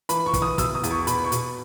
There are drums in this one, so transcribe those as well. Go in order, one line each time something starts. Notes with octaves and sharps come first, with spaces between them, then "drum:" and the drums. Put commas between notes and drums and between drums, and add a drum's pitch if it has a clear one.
E3 B5, drum: hi-hat
C#6
E3, drum: kick, hi-hat
D#6
B2 E6, drum: kick, hi-hat
D#6
E2, drum: hi-hat
C#6
B2 B5, drum: hi-hat
C#6
B2, drum: hi-hat